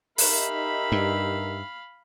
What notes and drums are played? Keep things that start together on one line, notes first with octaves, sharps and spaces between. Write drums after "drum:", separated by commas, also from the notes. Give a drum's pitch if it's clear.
D#4 G4 A#4 E5 F5 B5, drum: open hi-hat
G2